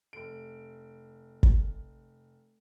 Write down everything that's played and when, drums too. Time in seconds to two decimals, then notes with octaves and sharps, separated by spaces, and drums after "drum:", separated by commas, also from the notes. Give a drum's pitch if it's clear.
0.13 F1 D7
1.43 drum: kick